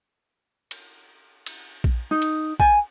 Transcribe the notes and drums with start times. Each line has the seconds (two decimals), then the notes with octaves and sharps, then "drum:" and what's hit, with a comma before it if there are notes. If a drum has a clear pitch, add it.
0.71 drum: cymbal
1.46 drum: cymbal
1.84 drum: kick A#1
2.11 D#4
2.22 drum: cymbal
2.60 G#5, drum: kick A#1